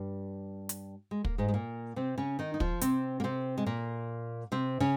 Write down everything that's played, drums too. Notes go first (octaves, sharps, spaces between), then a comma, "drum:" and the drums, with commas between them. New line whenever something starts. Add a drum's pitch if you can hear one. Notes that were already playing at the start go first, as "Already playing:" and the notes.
Already playing: G2 G3
drum: hi-hat
G#3
A#3, drum: kick
G#2 G#3
G#3
A#2 A#3
C3 C4
C#3 C#4
D#3 D#4
D#4
F3 F4, drum: kick
C3 C4, drum: hi-hat
A#3
C3 C4
G#3
A#2 A#3
C3 C4
C#3 C#4